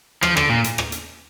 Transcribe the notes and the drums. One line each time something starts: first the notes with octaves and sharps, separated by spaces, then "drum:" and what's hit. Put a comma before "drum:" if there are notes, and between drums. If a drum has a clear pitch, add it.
F3, drum: rim click
D3, drum: rim click
A#2
drum: hi-hat
drum: rim click
drum: hi-hat